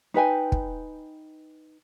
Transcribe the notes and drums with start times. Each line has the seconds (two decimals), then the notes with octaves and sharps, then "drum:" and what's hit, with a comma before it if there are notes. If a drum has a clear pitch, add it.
0.14 D#4 B4 G5 G#5
0.52 drum: kick